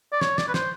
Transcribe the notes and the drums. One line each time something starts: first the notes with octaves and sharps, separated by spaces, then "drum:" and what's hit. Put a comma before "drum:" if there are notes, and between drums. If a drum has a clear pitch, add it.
D5
C#5, drum: snare
D5, drum: snare
B4
C5, drum: snare